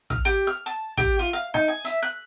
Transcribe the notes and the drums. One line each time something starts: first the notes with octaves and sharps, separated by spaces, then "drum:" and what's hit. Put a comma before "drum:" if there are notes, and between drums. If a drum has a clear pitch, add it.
F6, drum: kick
G4
F6
A5
G4, drum: kick
F4
F5
D#4, drum: rim click
G#5
E5, drum: hi-hat
F#6